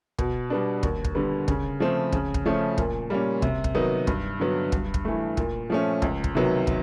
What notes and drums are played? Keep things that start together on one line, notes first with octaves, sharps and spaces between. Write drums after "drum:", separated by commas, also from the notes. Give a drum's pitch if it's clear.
B2, drum: kick
G3 B3 D4
D#2, drum: kick
drum: kick
D3 G3 B3
C#3, drum: kick
F3 A3 C4
C#3, drum: kick
drum: kick
F3 A3 C#4
A#2, drum: kick
G3 A#3 C#4
C3, drum: kick
drum: kick
D#3 F#3 B3 D#4
G2, drum: kick
D3 F#3 B3
G2, drum: kick
drum: kick
E3 A3
A#2, drum: kick
F3 A3 C#4
C#2, drum: kick
drum: kick
C3 D#3 F#3 B3
drum: kick